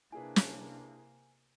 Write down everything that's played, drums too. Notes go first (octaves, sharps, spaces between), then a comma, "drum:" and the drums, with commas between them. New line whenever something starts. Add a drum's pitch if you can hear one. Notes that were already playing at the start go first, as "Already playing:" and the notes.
C3 A#3 D4 E4 G#4 B4 G#5
drum: snare